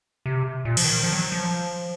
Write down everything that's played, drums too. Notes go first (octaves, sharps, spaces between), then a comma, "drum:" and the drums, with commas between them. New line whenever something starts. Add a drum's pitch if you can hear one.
C3
A#2
F3, drum: cymbal
D#3
F3
F#3
F3